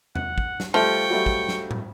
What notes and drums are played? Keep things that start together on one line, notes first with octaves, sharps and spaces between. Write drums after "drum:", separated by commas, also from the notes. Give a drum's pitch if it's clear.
F#5, drum: tom E2
drum: kick
drum: snare
F3 G3 A3 G5 C#6
F#3 G3 A3
drum: kick
drum: snare
drum: tom